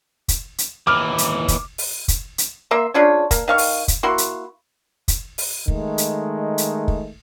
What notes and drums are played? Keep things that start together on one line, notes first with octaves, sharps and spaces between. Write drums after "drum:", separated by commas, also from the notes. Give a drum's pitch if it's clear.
drum: kick, hi-hat
drum: hi-hat
D#2 E3 D6 F6
drum: hi-hat
drum: kick, hi-hat
drum: open hi-hat
drum: kick, hi-hat
drum: hi-hat
A#3 E5 C6
C#3 D4 F4 C#5
A#3, drum: kick, hi-hat
D#3 F5 C#6
drum: open hi-hat
drum: kick, hi-hat
A#3 E4 F#4 C6
drum: hi-hat
drum: kick, hi-hat
drum: open hi-hat
D#3 G#3 A3, drum: kick
drum: hi-hat
drum: hi-hat
drum: kick